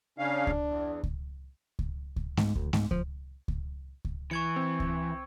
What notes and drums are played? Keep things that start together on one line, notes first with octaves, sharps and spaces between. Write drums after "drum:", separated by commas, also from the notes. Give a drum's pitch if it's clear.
C#3 C#4 D4 F5
drum: kick C#2
E2
drum: kick C#2
drum: kick C#2
drum: kick C#2
G#2, drum: snare A3
D2, drum: kick C#2
G#2, drum: snare A3
F3, drum: kick C#2
drum: kick C#2
drum: kick C#2
E3 C#6 G#6 C#7
C4
drum: kick C#2